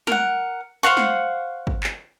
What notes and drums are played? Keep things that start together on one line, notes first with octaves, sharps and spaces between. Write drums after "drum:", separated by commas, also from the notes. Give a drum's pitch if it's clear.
A#4 F#5, drum: snare
C5 F5 F#5 C#6
drum: snare
drum: kick
drum: clap